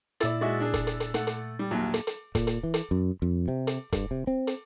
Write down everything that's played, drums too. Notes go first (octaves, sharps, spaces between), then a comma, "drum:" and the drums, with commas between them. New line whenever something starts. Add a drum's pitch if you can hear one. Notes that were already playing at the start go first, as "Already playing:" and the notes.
A#2 E4 D5 E6 A6, drum: hi-hat
G#3 F#4 E5
D4 G#4
drum: kick, hi-hat
drum: hi-hat
drum: hi-hat
A3 F#5, drum: hi-hat
drum: hi-hat
G3
A#1 D#2 F#3
drum: hi-hat
drum: hi-hat
A#2, drum: kick, hi-hat
drum: hi-hat
E3
drum: hi-hat
F#2
F2
C3
drum: hi-hat
G2, drum: kick, hi-hat
C3
C4
drum: hi-hat